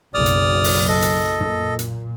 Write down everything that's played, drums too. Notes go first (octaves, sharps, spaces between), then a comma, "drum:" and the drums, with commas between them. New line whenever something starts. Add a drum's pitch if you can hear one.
F#1 B1 D5 D#6 F6
drum: hi-hat
drum: open hi-hat
A4 D#5
drum: hi-hat
A#2, drum: tom
drum: hi-hat